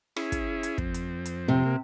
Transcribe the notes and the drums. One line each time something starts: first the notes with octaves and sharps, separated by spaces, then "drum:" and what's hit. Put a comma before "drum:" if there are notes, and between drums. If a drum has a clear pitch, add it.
C#4 E4 G#4, drum: rim click
drum: kick, hi-hat
drum: hi-hat
F2 C4, drum: kick
drum: hi-hat
drum: hi-hat
C3
A#3